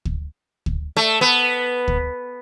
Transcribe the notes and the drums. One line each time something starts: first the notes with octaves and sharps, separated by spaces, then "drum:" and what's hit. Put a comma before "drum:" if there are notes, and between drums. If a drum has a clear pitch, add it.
drum: kick
drum: kick
A3
B3
drum: kick